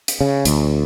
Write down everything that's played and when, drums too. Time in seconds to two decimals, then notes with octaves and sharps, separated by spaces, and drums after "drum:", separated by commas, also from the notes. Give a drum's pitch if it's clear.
0.08 drum: hi-hat
0.21 C#3
0.45 D2, drum: hi-hat